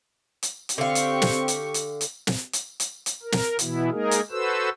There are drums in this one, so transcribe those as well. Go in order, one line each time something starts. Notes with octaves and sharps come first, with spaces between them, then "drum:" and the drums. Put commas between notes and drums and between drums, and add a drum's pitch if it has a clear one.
drum: hi-hat
drum: hi-hat
D3 C4 G4 F5 C#6
drum: hi-hat
drum: snare
drum: hi-hat
drum: hi-hat
drum: hi-hat
drum: snare
drum: hi-hat
drum: hi-hat
drum: hi-hat
A#4
drum: snare
B2 E3 B3 E4, drum: hi-hat
G#3 A#3 D#4 G#4 A#4
drum: hi-hat
F#4 A4 B4 C5 E6